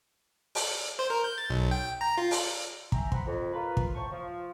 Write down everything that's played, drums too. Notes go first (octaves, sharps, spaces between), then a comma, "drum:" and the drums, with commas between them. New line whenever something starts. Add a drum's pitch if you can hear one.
drum: open hi-hat
C5
A#4
G6
A6
B1
G5
A#5
F4
drum: open hi-hat
E5 G5 G#5 A#5, drum: kick
C4 F#5 A#5 B5, drum: kick
F2
F4 A#4 B4
drum: kick
A2 C5 A5 C#6
F3